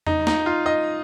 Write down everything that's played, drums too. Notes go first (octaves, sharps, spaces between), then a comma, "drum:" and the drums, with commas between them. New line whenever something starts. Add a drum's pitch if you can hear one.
D#4, drum: tom E2
D#4, drum: snare
F4
D#5